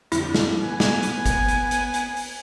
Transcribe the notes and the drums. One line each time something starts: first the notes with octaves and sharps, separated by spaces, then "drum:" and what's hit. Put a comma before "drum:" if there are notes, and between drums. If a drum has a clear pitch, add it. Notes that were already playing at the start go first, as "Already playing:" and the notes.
F2 D3 G3 E4, drum: hi-hat
drum: snare
B3 G#5
drum: snare
drum: hi-hat
drum: kick G1, hi-hat
drum: hi-hat
drum: hi-hat
drum: hi-hat
drum: open hi-hat